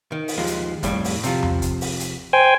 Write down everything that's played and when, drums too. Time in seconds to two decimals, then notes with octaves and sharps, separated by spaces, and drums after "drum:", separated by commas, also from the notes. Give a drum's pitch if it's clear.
0.12 D#3
0.28 drum: open hi-hat
0.37 D#2 F3 G#3
0.47 drum: hi-hat
0.83 F2 A2 G3, drum: kick, hi-hat
1.04 drum: open hi-hat
1.24 C3 F3, drum: hi-hat
1.43 drum: tom E2
1.62 drum: kick, hi-hat
1.81 drum: open hi-hat
2.00 drum: hi-hat
2.33 C5 G5 G#5